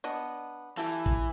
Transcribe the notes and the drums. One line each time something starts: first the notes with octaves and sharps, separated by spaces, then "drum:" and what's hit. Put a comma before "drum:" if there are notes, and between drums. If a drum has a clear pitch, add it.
B3 D4 D#5
E3 G4 A4
drum: kick A1